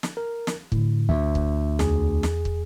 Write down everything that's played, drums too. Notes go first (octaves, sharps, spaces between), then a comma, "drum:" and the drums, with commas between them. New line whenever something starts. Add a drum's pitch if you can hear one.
drum: snare
A#4
drum: snare
A2 D3, drum: kick
D2 E5
drum: kick
E2 G#4, drum: snare
drum: snare
drum: kick